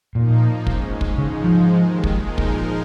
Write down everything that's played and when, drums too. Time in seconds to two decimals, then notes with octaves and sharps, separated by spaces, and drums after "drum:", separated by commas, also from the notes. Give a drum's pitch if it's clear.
0.15 A#2 F3 A#3 D#4
0.67 G#2 G#3 C#4, drum: kick
1.01 drum: kick
1.18 G#2 C#3 F3 G#3 D#4
1.44 F3
1.69 D#2 D#3 G#3
2.04 drum: kick
2.21 A#2 F3 G#3 D#4 A#4
2.38 drum: kick